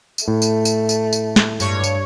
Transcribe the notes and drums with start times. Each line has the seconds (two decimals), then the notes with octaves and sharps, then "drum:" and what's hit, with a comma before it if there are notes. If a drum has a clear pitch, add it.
0.18 drum: tambourine
0.28 A2 A3
0.42 drum: tambourine
0.65 drum: tambourine
0.89 drum: tambourine
1.13 drum: tambourine
1.36 drum: snare
1.60 G2 C#5, drum: tambourine
1.83 drum: tambourine